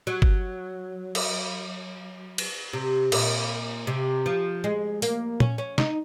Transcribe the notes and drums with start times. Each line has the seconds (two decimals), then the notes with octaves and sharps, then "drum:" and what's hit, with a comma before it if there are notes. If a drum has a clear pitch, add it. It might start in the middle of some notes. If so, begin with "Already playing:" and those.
0.07 F#3
0.22 drum: kick G1
1.15 drum: cymbal
2.38 drum: cymbal
2.73 C3
3.12 A#2, drum: cymbal
3.87 C3
4.26 F3
4.64 G#3
5.02 A#3, drum: open hi-hat
5.40 C#4, drum: tom A#2
5.58 C#4
5.78 D#4, drum: snare